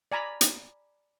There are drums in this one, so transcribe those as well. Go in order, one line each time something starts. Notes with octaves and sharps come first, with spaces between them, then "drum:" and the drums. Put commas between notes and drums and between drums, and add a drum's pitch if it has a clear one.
D5 G#5 A#5 B5
drum: hi-hat